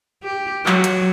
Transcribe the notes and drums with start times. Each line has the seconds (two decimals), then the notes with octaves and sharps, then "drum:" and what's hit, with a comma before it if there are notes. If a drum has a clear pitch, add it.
0.24 G4
0.66 F#3, drum: clap
0.84 drum: hi-hat